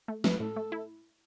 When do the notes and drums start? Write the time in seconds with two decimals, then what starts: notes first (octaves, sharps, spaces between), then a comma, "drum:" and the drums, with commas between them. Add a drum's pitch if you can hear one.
0.08 A3
0.24 A3 B4, drum: snare
0.40 A2 A4
0.56 A3
0.72 E4